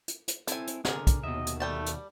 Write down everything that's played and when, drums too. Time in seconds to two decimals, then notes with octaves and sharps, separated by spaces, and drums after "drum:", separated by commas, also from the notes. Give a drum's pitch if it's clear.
0.08 drum: hi-hat
0.28 drum: hi-hat
0.47 C4 E4 A4 G#5, drum: hi-hat
0.67 drum: hi-hat
0.85 D3 G#4 A#4, drum: snare
1.07 drum: kick, hi-hat
1.24 D#2 B2 D#5 E5
1.47 drum: hi-hat
1.60 G3 A3 G5 A5
1.86 drum: hi-hat